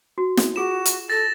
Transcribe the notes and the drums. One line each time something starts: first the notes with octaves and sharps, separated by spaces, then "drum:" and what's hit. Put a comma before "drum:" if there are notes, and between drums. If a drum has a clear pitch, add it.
F#4
drum: snare
F4 F#4 G#4 E7
drum: hi-hat
A4 A6 A#6